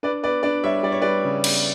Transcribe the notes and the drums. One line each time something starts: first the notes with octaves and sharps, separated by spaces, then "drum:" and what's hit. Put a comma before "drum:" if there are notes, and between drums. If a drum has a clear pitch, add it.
D4 B4 D5
B3 B4 D5
D4 B4 D5
G3 C#5 E5
G3 D5
C#5
G3 B4 D5
C#3
B3, drum: cymbal